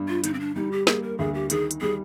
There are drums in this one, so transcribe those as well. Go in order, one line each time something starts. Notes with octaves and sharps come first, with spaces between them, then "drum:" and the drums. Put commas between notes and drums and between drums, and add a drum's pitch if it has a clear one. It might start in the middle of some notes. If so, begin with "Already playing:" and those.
Already playing: G2 D4
F4
D3 D#4, drum: hi-hat
C4
D4
G3 D#4
G4
A#3 G#4, drum: snare
A#4
D2 G#4
G4
D#3 G#4, drum: hi-hat
drum: hi-hat
G3 G#4